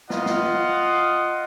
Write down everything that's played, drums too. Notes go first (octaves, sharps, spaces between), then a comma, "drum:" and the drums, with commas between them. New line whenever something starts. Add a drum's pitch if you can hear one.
F4 D#5 F5 F#5, drum: snare
drum: snare